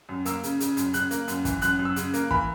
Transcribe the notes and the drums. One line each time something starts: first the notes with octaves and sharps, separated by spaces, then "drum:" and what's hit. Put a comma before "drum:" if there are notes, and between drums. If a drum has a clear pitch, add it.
F#2
A#3 E6, drum: hi-hat
C#3, drum: hi-hat
C#3, drum: hi-hat
F#2, drum: hi-hat
C#3 F#6, drum: hi-hat
A#3, drum: hi-hat
F#2, drum: hi-hat
E3, drum: kick, hi-hat
F#2 F#6, drum: hi-hat
F#2
E6
C#3, drum: hi-hat
A#3, drum: hi-hat
E3 B5, drum: kick